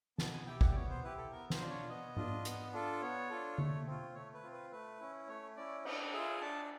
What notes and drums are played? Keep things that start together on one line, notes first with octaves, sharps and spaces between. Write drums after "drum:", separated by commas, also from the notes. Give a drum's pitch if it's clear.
B3 A5, drum: snare
G#5
E4 G4 G5
F#5, drum: kick
D5
B3 C#5
C5
E4 G4 B4
A4
B3 A#4
C5, drum: snare
D4 F4
C#5
B3 D#5
D4 F4, drum: tom G#2
B3, drum: hi-hat
D4 F4 A4
B3 C#5
D4 F4 A4
A3, drum: tom D3
C4 F4
A3 C#5
B4
C4 F4
B4
A3 B4
C#4 E4
A3 C#5
C#4 E4 D5
D4 D#5, drum: cymbal
F4 G#4 E5
D4 A5